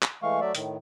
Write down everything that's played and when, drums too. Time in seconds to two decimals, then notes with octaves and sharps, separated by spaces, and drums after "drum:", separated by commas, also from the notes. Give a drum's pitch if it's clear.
0.02 drum: clap
0.23 E3 G#3 A3 F5 C#6
0.41 F#3 A3 D5 E5
0.55 A2 D#3, drum: hi-hat